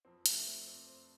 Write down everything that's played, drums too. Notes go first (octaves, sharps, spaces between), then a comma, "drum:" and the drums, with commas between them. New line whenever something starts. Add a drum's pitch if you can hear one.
F2 F3 C4
A3, drum: hi-hat
D4
C4
C4
C5